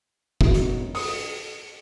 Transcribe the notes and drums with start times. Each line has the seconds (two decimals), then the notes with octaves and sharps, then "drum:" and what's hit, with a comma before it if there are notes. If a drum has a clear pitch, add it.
0.41 B2 F#3, drum: kick
0.54 drum: hi-hat
0.95 D#6, drum: open hi-hat